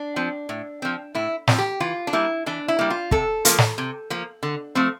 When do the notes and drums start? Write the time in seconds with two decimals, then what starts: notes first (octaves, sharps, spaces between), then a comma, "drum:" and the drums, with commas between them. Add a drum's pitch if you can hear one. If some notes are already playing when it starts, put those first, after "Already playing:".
Already playing: D4
0.16 F3 C4
0.49 A2
0.82 F3 C4
1.15 A2 E4
1.47 F3 C4, drum: snare
1.58 G4
1.80 E3 F4
2.07 D4
2.13 G3 A#3 E4
2.46 E3 D4
2.68 E4
2.79 G3 A#3
2.90 F4
3.11 C3 A4, drum: kick
3.45 F3 A#3, drum: hi-hat
3.58 drum: snare
3.78 C3
4.10 F3 A#3
4.43 D3
4.75 F3 A3 C4